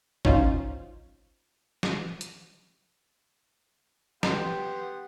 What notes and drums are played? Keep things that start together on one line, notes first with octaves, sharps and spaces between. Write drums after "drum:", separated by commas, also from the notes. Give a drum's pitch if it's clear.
C#4 D#4 F4 C5 F5, drum: kick G#1
drum: snare
drum: hi-hat
B3 G4 F#5 C6, drum: snare